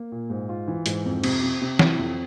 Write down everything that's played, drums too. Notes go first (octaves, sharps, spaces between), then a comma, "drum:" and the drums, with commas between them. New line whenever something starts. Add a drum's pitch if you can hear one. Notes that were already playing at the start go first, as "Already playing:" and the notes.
Already playing: A#3
A#2
G#2
F4
E3
G#2, drum: hi-hat
F2
C3, drum: cymbal
C3
C3
E4, drum: snare
F2